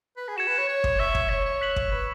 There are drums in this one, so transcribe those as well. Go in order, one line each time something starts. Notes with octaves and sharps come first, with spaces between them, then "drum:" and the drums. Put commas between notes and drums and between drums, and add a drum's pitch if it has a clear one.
B4
G#4
F#4 G#6 C#7 E7
B4
C#5
C#5
drum: kick
E5 C#6 E6 G#6
drum: kick
C#5
C#5
F#6 B6 F#7
drum: kick
B4